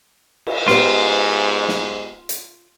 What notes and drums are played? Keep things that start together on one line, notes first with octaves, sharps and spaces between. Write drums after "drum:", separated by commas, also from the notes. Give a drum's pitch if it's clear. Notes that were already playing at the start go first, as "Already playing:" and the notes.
drum: cymbal
G#2 B3 F4 G4 C5, drum: snare
drum: snare
drum: hi-hat